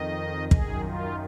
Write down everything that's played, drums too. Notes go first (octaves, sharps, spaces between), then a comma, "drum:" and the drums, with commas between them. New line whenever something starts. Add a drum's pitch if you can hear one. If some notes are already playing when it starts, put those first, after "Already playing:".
Already playing: F2 D#3 D#5
F#2 D#3 G#4, drum: kick
F4